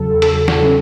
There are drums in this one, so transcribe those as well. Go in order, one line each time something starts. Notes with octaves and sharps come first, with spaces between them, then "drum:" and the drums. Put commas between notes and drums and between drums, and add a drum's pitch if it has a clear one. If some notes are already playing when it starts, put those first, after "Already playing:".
Already playing: E2 C#3 F#3 A4
E2 C#3 F#3 A4, drum: hi-hat
drum: snare
C#3 F#3 C#4